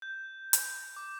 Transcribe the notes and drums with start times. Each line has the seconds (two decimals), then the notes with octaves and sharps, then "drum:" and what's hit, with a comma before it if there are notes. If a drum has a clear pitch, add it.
0.02 G6
0.53 drum: hi-hat
0.96 D6